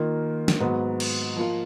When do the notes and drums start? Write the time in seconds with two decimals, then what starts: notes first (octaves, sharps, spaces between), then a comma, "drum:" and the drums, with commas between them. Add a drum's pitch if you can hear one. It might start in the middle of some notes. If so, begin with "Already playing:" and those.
Already playing: D#3 A#3 F4
0.48 drum: snare
0.60 G#2 F#3 B3 F#4
1.00 drum: cymbal
1.36 F3 A#3 F4